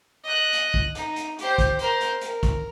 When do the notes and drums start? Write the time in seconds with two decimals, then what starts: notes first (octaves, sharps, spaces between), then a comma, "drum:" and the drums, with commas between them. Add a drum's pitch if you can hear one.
0.24 D#5 F#6
0.53 drum: hi-hat
0.74 drum: kick
0.95 D#4, drum: hi-hat
1.16 drum: hi-hat
1.39 G4 C5, drum: hi-hat
1.58 drum: kick, hi-hat
1.79 A#4 C5, drum: hi-hat
2.01 drum: hi-hat
2.21 A#4, drum: hi-hat
2.43 drum: kick, hi-hat